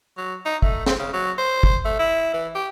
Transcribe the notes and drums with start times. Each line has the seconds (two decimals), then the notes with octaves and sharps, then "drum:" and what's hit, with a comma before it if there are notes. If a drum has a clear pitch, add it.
0.18 F#3
0.46 D#4
0.62 A3, drum: kick
0.86 C4, drum: snare
0.99 C#3
1.13 F#3
1.38 C5
1.63 drum: kick
1.85 A3
1.99 E4
2.34 E3
2.55 G4